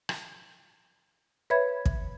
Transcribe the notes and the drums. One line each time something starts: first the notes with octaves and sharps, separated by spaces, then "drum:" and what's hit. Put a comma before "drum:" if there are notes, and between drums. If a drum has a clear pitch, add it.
drum: rim click
B4 C#5 E5 B5 G#6
drum: kick